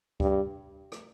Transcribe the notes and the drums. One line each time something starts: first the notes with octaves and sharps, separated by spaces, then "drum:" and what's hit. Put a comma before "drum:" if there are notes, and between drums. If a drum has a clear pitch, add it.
G2, drum: kick D2
drum: rim click